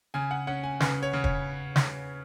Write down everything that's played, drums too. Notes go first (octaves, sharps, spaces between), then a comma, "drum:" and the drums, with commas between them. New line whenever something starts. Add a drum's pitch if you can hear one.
C#3 G#5
F#5
C#4 F#5
G#5
C#3 B4, drum: snare
C#5
C#3
C#5, drum: kick
drum: snare